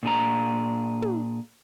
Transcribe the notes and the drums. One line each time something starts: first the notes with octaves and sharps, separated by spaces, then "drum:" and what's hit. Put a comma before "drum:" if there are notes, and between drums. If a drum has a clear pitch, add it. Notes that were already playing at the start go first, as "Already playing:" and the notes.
A#2 D4 G#4 A#5
drum: tom